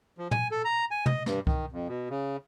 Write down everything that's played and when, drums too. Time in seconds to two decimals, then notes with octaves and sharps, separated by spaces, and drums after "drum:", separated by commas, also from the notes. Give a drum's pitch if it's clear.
0.18 F3
0.31 G#5, drum: tom
0.51 A4
0.65 A#5
0.91 G#5
1.06 D#5, drum: tom
1.26 G2, drum: snare
1.47 D#3, drum: kick C2
1.72 F2
1.88 B2
2.10 C#3